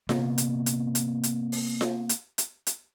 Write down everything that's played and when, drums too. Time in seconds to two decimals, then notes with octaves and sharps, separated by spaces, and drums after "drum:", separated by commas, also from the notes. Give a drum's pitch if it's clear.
0.09 C3 A#3 B3, drum: snare F4
0.38 drum: hi-hat
0.66 drum: hi-hat
0.95 drum: hi-hat
1.23 drum: hi-hat
1.52 drum: open hi-hat
1.81 drum: snare F4
2.09 drum: hi-hat
2.38 drum: hi-hat
2.67 drum: hi-hat